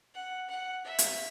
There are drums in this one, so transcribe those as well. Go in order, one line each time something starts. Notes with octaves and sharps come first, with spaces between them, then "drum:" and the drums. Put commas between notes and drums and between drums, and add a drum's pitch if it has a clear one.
F#5
F#5
E5
drum: hi-hat